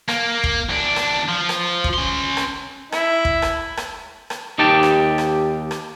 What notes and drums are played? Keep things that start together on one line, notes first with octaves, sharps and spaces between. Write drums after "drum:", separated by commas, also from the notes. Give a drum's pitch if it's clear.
A#3, drum: rim click
drum: kick
E2 D4
drum: rim click
F3
drum: rim click
drum: kick
C#4 C6
drum: rim click
E4, drum: rim click
drum: kick
drum: rim click
drum: rim click
drum: rim click
D#2 D#4 G4 G5 A5
drum: rim click
drum: rim click
drum: rim click